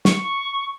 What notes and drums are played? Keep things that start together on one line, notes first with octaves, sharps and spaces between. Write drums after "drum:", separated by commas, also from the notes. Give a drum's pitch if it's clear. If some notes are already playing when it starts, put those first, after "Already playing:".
C#6, drum: snare